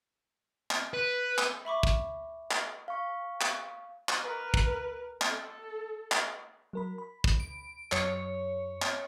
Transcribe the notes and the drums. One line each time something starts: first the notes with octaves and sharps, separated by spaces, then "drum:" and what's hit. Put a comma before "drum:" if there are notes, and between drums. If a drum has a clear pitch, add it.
drum: clap
B4
drum: clap
E5 B5 C#6 D6
drum: kick
drum: clap
F5 C#6
drum: clap
drum: clap
A#4 B4
drum: kick
drum: clap
A4
drum: clap
F#3 A#4 B5
B5
drum: kick
D7
F#2 F#3 C#5, drum: clap
drum: clap